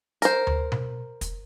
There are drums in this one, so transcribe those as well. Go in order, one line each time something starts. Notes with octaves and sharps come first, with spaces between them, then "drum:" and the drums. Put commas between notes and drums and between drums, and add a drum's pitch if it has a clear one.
A#4 C5, drum: hi-hat
drum: tom D2
drum: tom B2
drum: kick, hi-hat